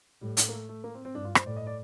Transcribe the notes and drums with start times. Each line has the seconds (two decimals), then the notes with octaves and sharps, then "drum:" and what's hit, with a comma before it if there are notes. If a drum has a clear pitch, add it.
0.21 A2 G3
0.37 A3, drum: hi-hat
0.49 A#3
0.53 A3
0.69 A3
0.84 A#3
0.95 C4
1.05 C4
1.14 G2 D4
1.25 F4
1.35 C5, drum: rim click
1.46 A2 D5
1.57 D#5
1.67 D5